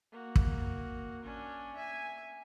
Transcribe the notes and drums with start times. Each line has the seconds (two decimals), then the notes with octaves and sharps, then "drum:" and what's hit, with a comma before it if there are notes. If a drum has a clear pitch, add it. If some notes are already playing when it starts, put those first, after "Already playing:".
0.12 A#3 F#4
0.36 drum: kick
1.23 C#4 D4
1.76 E5 G#5